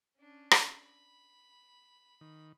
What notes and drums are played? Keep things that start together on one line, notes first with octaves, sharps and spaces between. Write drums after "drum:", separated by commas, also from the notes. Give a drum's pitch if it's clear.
C#4 D4
drum: rim click
B5
D#3